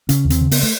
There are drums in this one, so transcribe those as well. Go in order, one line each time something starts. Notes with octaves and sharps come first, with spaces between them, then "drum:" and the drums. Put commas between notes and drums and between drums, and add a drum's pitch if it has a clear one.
C#3 C#4, drum: hi-hat
D#2
C4, drum: hi-hat
C#3
B3, drum: open hi-hat
A3